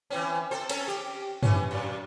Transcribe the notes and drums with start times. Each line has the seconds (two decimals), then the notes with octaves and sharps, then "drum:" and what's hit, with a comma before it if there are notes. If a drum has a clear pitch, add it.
0.10 E3 C4 C#4
0.51 C4 A4 C5
0.69 C#4 A4, drum: cymbal
0.88 G4
1.43 E3 C#4, drum: tom
1.71 F#2